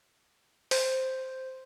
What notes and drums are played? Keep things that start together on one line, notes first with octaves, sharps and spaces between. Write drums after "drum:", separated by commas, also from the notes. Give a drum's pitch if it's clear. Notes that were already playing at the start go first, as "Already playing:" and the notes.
C5, drum: open hi-hat